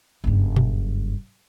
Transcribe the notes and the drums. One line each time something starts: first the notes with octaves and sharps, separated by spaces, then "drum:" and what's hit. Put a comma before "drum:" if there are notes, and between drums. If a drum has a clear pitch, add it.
F#1 G2
drum: tom A#2